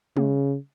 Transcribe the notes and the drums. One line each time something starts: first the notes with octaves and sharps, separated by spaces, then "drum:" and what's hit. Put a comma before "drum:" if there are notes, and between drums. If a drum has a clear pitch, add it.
C#3, drum: tom